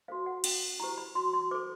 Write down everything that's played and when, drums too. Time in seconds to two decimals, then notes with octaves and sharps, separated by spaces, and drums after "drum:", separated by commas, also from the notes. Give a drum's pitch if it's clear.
0.08 F#4 A4 C5 F5
0.26 F#5
0.44 C#4 G5, drum: cymbal
0.80 E4 G4 C5 A#5
0.98 B5
1.15 F#4 C6
1.33 C6
1.51 A4 C5 D6